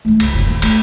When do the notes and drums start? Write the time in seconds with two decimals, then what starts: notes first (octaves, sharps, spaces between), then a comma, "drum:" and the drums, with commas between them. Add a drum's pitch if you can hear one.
0.05 G#2 A3
0.20 C#2, drum: cymbal
0.33 F#1 C2
0.47 D#1 D#2
0.62 A3, drum: cymbal